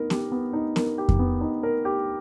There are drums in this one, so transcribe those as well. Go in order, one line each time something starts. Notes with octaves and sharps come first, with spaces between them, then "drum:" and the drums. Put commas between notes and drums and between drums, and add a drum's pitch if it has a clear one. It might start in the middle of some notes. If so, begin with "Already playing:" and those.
Already playing: B3 D#4 A#4
G4, drum: snare B3
B3
D#4
A#4, drum: snare B3
G4
drum: kick F2
B3
D#4
A#4
G4